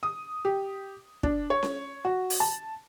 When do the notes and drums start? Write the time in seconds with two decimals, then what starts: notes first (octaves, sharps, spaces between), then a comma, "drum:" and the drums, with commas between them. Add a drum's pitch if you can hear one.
0.03 D#6
0.45 G4
1.23 D4, drum: kick
1.50 C#5
1.63 drum: snare C#4
2.05 F#4
2.30 drum: open hi-hat
2.40 A5